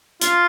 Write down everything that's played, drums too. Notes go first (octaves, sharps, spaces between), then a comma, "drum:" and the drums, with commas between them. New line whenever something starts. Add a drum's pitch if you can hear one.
F4, drum: hi-hat